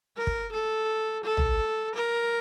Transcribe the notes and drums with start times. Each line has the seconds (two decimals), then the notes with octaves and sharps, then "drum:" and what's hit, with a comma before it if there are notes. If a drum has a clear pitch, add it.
0.17 A#4
0.27 drum: kick
0.53 A4
1.24 A4
1.37 drum: tom
1.95 A#4